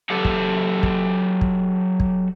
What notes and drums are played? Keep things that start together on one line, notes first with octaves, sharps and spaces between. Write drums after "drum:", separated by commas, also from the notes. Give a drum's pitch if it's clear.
F#3 G4 A4 F#5
drum: kick
drum: kick
drum: kick
drum: kick